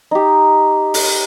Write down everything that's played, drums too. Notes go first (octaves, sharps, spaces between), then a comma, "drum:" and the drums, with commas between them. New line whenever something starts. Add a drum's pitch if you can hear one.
D#4 G4
drum: open hi-hat